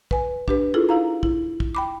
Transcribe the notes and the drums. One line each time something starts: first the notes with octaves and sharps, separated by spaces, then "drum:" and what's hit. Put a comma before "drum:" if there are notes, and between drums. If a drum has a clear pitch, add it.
B4 G#5, drum: kick
D4 G4 B4, drum: kick
E4 F4 G#4 A4
D#4 E4 F5 A#5
E4, drum: kick
drum: kick
G5 B5 D6